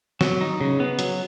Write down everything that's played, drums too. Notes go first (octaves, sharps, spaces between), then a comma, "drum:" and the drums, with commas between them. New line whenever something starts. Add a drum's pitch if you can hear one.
F#3, drum: snare
D#4
C#3
B3
F#3, drum: hi-hat